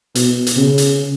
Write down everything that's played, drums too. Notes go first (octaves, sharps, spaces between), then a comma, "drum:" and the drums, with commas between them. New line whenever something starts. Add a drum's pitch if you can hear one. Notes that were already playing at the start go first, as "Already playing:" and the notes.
B2, drum: hi-hat
drum: hi-hat
C#3
drum: hi-hat